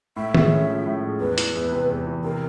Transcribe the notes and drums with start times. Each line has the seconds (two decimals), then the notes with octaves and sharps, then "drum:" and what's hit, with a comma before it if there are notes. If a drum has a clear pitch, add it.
0.17 A2 E5
0.35 G#3, drum: tom D#3
0.51 C#4
0.69 F3
0.86 A2
1.03 G#3
1.20 E2 B4
1.38 E3, drum: hi-hat
1.55 E2
1.72 C3
1.90 E2
2.07 E3
2.24 C3 A#4